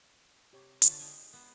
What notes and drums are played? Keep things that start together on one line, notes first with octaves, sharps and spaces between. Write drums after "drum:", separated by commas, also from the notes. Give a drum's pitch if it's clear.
C3 G4 C#5
D3 D4 F4 C#5 E5 A5, drum: hi-hat
G#3 G4 G#5
B3 C5